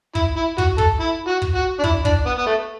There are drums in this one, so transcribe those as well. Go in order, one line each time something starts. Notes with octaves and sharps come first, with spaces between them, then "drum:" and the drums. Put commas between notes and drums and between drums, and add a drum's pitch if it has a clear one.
E4, drum: kick
E4
F#4, drum: kick
A4, drum: kick
E4
F#4
drum: kick
F#4
D4
E4, drum: kick
D4, drum: kick
B3
B3
A3